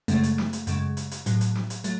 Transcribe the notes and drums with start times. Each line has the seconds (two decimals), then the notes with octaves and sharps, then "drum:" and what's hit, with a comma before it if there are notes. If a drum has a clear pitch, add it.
0.08 F#2 C#3 G#3 A3, drum: hi-hat
0.23 drum: hi-hat
0.38 drum: snare
0.53 drum: hi-hat
0.67 F#2 C#3 G#3, drum: hi-hat
0.97 drum: hi-hat
1.11 drum: hi-hat
1.26 A2 F#3, drum: hi-hat
1.41 drum: hi-hat
1.55 drum: snare
1.70 drum: hi-hat
1.84 F#3 A3, drum: hi-hat